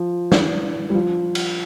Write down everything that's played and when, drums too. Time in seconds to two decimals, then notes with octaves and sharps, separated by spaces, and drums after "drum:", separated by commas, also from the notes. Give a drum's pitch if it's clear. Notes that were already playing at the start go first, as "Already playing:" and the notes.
Already playing: F3
0.32 E3, drum: snare
0.90 G3
0.94 F3
1.35 drum: cymbal